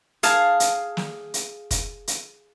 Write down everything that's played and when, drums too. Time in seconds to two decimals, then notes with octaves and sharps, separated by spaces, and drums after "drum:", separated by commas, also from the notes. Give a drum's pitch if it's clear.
0.23 G#4 F5 A5, drum: hi-hat
0.60 drum: hi-hat
0.97 drum: snare
1.34 drum: hi-hat
1.71 drum: kick, hi-hat
2.08 drum: hi-hat